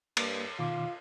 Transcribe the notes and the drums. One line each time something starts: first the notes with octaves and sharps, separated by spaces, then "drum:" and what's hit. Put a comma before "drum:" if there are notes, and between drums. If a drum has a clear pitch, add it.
G2 A#3, drum: cymbal
B2 D#3 F4 D6